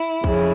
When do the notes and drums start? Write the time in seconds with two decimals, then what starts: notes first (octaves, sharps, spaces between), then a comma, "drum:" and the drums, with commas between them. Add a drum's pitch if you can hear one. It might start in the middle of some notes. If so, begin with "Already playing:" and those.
Already playing: E4
0.24 F2 C#3, drum: kick